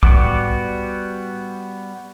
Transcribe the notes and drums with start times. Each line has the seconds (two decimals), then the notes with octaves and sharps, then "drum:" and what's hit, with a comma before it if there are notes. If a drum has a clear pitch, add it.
0.03 G3 B3 F#4 D6, drum: kick